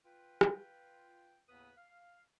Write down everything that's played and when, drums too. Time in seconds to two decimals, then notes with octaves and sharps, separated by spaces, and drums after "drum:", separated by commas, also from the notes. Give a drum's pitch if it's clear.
0.04 F4 B4 G5
0.41 drum: rim click
1.48 D#2 A2 C#3 B3 B4 D#6
1.76 F5